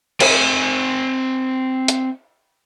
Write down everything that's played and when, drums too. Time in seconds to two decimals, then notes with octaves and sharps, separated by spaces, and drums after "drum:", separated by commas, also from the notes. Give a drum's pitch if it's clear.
0.20 C4 G#5, drum: cymbal
1.88 drum: hi-hat